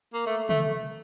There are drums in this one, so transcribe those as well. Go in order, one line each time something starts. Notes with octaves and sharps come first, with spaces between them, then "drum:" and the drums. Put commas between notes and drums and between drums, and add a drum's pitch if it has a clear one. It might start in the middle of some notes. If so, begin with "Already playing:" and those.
A#3
A3
A3, drum: tom